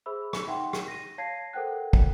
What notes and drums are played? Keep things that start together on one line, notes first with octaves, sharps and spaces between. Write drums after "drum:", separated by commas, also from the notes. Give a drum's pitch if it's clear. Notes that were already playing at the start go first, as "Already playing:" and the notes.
G#4 C5 E5 B5 E6
drum: rim click
D#4 E5 F#5 G5 C6
drum: rim click
A#6 D#7
C#5 F5 A5 G#6 A#6 C7
A4 A#4 C5 F#5 G5 F#6
drum: kick